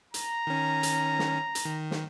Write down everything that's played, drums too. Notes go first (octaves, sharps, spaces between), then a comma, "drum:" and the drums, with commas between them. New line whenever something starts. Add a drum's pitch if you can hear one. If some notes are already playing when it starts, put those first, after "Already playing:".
A#5, drum: hi-hat
D#3 C#4
drum: hi-hat
drum: snare
drum: hi-hat
D#3
drum: snare